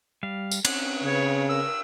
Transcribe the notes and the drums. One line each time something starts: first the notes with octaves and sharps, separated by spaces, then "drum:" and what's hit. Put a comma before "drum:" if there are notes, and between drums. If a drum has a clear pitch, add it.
G3 F5
drum: tambourine
C4 C#4 F#5, drum: cymbal
C#3 B4 C#5
A#4 E6